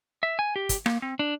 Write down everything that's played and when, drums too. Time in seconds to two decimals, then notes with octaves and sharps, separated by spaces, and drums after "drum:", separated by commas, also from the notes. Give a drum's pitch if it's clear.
0.23 E5
0.39 G#5
0.56 G4
0.69 drum: kick, hi-hat
0.86 A#3, drum: rim click
1.02 C4
1.19 D4